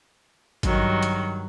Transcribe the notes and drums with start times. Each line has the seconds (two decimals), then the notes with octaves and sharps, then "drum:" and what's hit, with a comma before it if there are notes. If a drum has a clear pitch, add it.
0.63 G2 D#3 F#3, drum: kick, hi-hat
1.03 drum: hi-hat